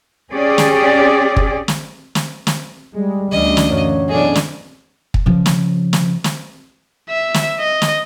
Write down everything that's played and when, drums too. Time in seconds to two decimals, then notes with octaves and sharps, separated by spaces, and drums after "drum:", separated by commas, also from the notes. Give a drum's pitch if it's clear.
0.31 C#4 G4 G#4 D5
0.58 drum: snare
1.37 drum: kick
1.68 drum: snare
2.15 drum: snare
2.47 drum: snare
2.94 G3 G#3
3.32 D2 E3 C#4 D4 D#5
3.57 drum: snare
3.69 F#2 A#2 C#5
4.09 B2 E3 F#3 C#4 D4 G#4 A4 D#5
4.35 drum: snare
5.14 drum: kick
5.26 C#3 F3
5.46 drum: snare
5.93 drum: snare
6.24 drum: snare
7.09 E5
7.34 drum: snare
7.60 D#5
7.82 drum: snare